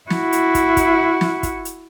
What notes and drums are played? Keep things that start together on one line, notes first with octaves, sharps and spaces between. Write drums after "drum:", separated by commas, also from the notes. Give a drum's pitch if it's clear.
E4 F#4, drum: snare
drum: hi-hat
drum: kick, hi-hat
drum: kick, hi-hat
drum: snare
drum: kick, hi-hat
drum: hi-hat